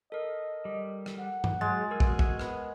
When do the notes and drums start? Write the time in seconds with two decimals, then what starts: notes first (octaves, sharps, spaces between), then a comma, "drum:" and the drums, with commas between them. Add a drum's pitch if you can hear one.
0.12 A4 A#4 D#5
0.65 G3
1.06 drum: rim click
1.19 F#5
1.44 drum: tom G2
1.61 F#3 G#3 A6
1.91 F#4 G#4 A#4 E6
2.00 drum: kick
2.19 drum: kick
2.39 B3, drum: rim click